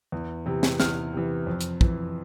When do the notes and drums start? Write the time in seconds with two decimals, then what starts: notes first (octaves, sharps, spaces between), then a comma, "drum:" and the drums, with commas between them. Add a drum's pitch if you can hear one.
0.12 E2
0.46 C3 E3
0.63 drum: snare
0.80 E2 F6, drum: snare
1.13 C3 E3
1.47 F2
1.61 drum: hi-hat
1.81 E3, drum: kick